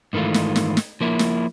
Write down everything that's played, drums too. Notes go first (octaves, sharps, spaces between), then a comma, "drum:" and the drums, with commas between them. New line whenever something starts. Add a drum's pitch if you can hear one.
G#2 D#3 E3 A3 F4
drum: snare
drum: snare
drum: snare
F3 A#3 E4
drum: snare